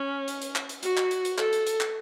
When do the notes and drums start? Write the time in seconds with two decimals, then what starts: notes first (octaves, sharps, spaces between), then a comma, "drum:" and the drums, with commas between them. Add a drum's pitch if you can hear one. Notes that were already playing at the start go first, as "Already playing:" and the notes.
Already playing: C#4
0.28 drum: hi-hat
0.42 drum: hi-hat
0.55 drum: clap
0.69 drum: hi-hat
0.83 F#4, drum: hi-hat
0.97 drum: clap
1.11 drum: hi-hat
1.25 drum: hi-hat
1.38 A4, drum: clap
1.53 drum: hi-hat
1.67 drum: hi-hat
1.80 drum: clap